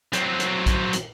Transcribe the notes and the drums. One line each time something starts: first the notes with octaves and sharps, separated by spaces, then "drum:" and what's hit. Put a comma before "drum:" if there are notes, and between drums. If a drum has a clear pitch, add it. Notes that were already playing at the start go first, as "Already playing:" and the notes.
F#3 C4, drum: hi-hat
drum: hi-hat
drum: kick A#1, hi-hat
drum: hi-hat